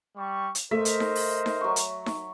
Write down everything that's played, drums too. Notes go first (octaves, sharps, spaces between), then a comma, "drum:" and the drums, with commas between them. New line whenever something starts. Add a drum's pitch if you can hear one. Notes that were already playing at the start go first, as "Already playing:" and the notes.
G3 C#6
drum: hi-hat
A3 A#4 C5 D#5 E5
drum: hi-hat
drum: snare D#4
drum: open hi-hat
drum: snare D#4
F#3 C#6
drum: hi-hat
drum: snare D#4